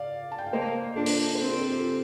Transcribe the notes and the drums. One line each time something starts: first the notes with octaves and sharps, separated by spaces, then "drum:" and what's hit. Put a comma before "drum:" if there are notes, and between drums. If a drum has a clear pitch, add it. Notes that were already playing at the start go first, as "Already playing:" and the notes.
Already playing: D5 F5
A5
G5
F5
A#3 C5 D#5
D4 F4 A4
drum: open hi-hat
C5
C4 A#4
F4 A4
F4 A4
G4
F4